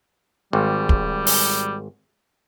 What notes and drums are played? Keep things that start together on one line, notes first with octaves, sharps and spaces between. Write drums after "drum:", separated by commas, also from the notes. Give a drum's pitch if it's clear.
G#1 G3
drum: kick
drum: open hi-hat